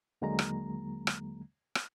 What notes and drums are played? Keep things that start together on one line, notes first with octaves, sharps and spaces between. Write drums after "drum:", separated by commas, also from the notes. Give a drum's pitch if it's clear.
D#2 D3 F#3 G#3 A#3 A#5
drum: rim click
drum: rim click
drum: rim click